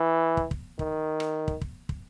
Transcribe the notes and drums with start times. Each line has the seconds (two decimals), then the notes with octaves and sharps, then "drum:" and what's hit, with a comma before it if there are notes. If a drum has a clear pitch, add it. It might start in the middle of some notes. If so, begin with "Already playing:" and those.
Already playing: E3
0.37 drum: kick
0.51 drum: kick
0.79 D#3, drum: kick
1.20 drum: rim click
1.48 drum: kick
1.61 drum: kick
1.89 drum: kick